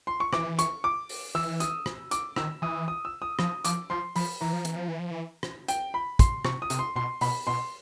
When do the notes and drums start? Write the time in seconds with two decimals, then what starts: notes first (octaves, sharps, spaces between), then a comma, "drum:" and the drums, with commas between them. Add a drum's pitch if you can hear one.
0.07 C6
0.20 C#6
0.33 E3 D6, drum: rim click
0.59 C#6, drum: hi-hat
0.84 D6
1.09 drum: open hi-hat
1.35 E3 E6
1.60 D#6, drum: hi-hat
1.86 drum: rim click
2.11 D6, drum: hi-hat
2.36 D#3 E6, drum: rim click
2.62 E3 D#6
2.88 D#6
3.05 E6
3.22 D#6
3.39 F3 D#6, drum: rim click
3.65 F3 D6, drum: hi-hat
3.90 F3 C6
4.16 F3 B5, drum: open hi-hat
4.41 E3 A#5
4.53 F3
4.65 E3, drum: hi-hat
4.76 F3
4.88 E3
4.99 F3
5.11 E3
5.43 drum: rim click
5.68 G5, drum: hi-hat
5.94 B5
6.19 C6, drum: kick, hi-hat
6.45 C3 C#6, drum: rim click
6.62 D#6
6.70 C3, drum: hi-hat
6.79 C6
6.95 B2 C6
7.21 B2 B5, drum: open hi-hat
7.47 B2 C6